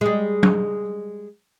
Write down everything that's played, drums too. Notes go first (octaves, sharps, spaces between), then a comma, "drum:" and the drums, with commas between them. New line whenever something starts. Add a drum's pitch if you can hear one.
G3 G#3
drum: tom